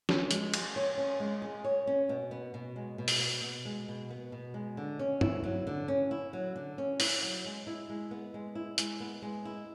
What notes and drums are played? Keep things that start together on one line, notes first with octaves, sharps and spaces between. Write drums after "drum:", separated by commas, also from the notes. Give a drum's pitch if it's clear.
C#4, drum: snare
G#3, drum: hi-hat
G#4, drum: cymbal
C#5
C#4
G#3
G#4
C#5
C#4
B2
B3
B2
G#3
B2
drum: open hi-hat
B3
B2
G#3
B2
B3
B2
G#3
D3
C#4
E4, drum: tom G2
F#3
D3
C#4
E4
F#3
D3
C#4
E4, drum: open hi-hat
F#3
G#3
E4
G#3
B3
G#3
E4
G#3, drum: hi-hat
B3
G#3
E4